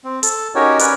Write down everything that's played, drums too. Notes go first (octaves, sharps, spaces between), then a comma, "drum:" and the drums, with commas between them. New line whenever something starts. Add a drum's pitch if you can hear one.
C4
A4, drum: hi-hat
C#4 D#4 F#4 G4 A#4 C#5
C#4 A#4 B4 C#5 D5, drum: hi-hat